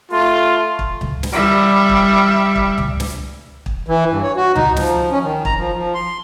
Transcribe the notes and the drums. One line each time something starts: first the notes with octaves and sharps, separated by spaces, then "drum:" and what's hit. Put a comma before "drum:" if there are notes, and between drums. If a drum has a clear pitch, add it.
A3 F4 C6
drum: kick
drum: tom C#2
drum: snare
G3 E5
drum: kick
drum: kick
drum: tom C#2
drum: snare
drum: kick
E3
G2
C#5
F#4
D#4, drum: tom C#2
F3, drum: snare
C#4
D#3
A#5, drum: kick
F3
F3
C6